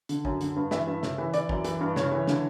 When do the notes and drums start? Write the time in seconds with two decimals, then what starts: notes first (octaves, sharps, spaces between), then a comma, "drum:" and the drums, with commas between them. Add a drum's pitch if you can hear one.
0.09 D3, drum: hi-hat
0.25 F#2, drum: kick
0.41 D3, drum: hi-hat
0.56 G2
0.71 E3 E5, drum: snare
0.87 G2
1.03 C#3, drum: snare
1.18 E3
1.34 E3 D5, drum: hi-hat
1.49 F#2, drum: kick
1.64 E3, drum: hi-hat
1.81 G2
1.96 C#3 C#5, drum: snare
2.12 E3
2.27 D3, drum: snare